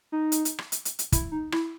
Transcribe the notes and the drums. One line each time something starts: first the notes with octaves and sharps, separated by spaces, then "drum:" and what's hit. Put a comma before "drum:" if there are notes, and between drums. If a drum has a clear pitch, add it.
D#4
drum: hi-hat
drum: hi-hat
drum: rim click
drum: hi-hat
drum: hi-hat
drum: hi-hat
E4, drum: kick, hi-hat
D#4
E4, drum: rim click